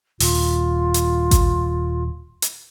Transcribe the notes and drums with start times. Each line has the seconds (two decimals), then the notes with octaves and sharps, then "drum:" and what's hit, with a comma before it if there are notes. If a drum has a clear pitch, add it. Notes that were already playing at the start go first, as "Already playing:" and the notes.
0.20 D#1 F4, drum: open hi-hat
0.94 drum: hi-hat
1.31 drum: kick A1, hi-hat
2.42 drum: hi-hat